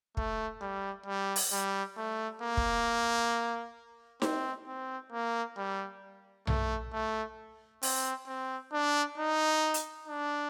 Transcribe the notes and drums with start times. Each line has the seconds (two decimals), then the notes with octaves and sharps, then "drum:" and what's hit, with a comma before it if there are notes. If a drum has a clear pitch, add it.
0.17 A3, drum: kick
0.61 G3
1.06 G3
1.36 drum: open hi-hat
1.52 G3
1.97 A3
2.42 A#3
2.57 drum: kick
4.22 C4, drum: snare D#4
4.67 C4
5.12 A#3
5.57 G3
6.47 A3, drum: tom B1
6.93 A3
7.83 C4, drum: open hi-hat
8.27 C4
8.72 D4
9.18 D#4
9.74 drum: hi-hat
10.08 D4